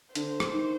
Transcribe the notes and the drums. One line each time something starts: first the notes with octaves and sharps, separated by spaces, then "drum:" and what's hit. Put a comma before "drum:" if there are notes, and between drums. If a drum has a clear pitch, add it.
D3 C5, drum: hi-hat
drum: rim click
D#3